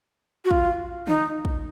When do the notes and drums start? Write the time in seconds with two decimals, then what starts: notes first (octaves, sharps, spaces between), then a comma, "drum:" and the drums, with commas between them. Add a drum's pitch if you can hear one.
0.45 F#4
0.51 F4, drum: kick
1.07 D#4, drum: tom D3
1.45 drum: kick